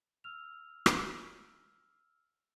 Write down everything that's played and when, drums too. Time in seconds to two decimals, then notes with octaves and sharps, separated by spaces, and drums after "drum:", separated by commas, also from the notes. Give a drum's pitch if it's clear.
0.24 E6 F6 F7
0.86 drum: rim click